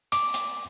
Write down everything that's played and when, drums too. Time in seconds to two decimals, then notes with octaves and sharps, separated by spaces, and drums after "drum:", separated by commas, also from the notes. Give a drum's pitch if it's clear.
0.12 D6, drum: hi-hat
0.34 drum: hi-hat